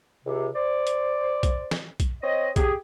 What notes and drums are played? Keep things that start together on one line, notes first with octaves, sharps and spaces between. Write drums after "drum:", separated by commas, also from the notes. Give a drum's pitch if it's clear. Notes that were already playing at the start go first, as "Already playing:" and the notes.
C#2 C3
C5 D5
drum: hi-hat
drum: kick B1, hi-hat
drum: snare
drum: kick B1, hi-hat
C4 C#5 D#5
G4 G#4, drum: kick B1, hi-hat